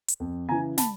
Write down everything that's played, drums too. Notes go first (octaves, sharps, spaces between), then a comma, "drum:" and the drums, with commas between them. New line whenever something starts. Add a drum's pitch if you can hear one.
drum: hi-hat
F2
C#3 E3 G#5 A#5
A5 B5, drum: snare